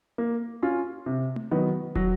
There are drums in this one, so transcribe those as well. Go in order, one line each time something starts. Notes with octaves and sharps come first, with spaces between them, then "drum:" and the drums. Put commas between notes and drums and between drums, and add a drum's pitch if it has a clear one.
A#3
C#4 F4
C3
drum: tom A3
D#3 F#3 B3
F#3, drum: kick